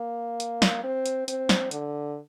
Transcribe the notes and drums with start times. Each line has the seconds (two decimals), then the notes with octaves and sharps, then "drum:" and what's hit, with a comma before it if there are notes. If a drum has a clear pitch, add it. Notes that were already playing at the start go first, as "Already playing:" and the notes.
Already playing: A#3
0.40 drum: hi-hat
0.62 drum: snare
0.84 C4
1.06 drum: hi-hat
1.28 C4, drum: hi-hat
1.49 drum: snare
1.71 D3, drum: hi-hat